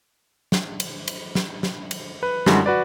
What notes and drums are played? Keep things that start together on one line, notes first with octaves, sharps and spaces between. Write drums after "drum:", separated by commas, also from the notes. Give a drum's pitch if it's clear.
drum: snare
drum: cymbal
drum: cymbal
drum: snare
drum: snare
drum: cymbal
B4
F#2 D3 G3 G#3 E4 F#4, drum: snare
F#4 B4 D5